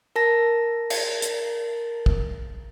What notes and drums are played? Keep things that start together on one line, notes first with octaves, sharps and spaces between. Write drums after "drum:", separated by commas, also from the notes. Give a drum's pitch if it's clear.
A#4 A5 A#6
drum: cymbal
drum: hi-hat
drum: kick